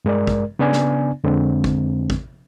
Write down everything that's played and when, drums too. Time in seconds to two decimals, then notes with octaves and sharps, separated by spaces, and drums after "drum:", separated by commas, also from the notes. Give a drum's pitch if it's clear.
0.05 G2 G#3 A#4 D5
0.27 drum: kick
0.59 C#3 B3 D4 D5 G#5
0.73 drum: snare
1.24 F2 D3 G#3 C4
1.64 drum: kick
2.10 drum: kick